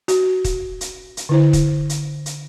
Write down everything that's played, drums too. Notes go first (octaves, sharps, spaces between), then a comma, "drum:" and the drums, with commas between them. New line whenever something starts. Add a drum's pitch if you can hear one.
F#4, drum: hi-hat
drum: kick, hi-hat
drum: hi-hat
drum: hi-hat
D3 E4 C5
drum: kick, hi-hat
drum: hi-hat
drum: hi-hat